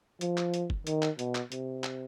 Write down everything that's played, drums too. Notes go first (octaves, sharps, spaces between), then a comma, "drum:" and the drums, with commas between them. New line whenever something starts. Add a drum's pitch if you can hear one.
F3, drum: hi-hat
drum: clap
drum: hi-hat
drum: kick
D#3, drum: hi-hat
drum: clap
B2, drum: hi-hat
drum: clap
C3, drum: hi-hat
drum: clap